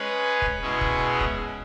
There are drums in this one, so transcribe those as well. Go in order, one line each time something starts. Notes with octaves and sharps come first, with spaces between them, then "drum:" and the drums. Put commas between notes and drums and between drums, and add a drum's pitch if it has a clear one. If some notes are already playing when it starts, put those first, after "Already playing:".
Already playing: G#3 C#4 G#4 B4
drum: kick
B2 G#3 C#4 E4 G#4
drum: kick
drum: kick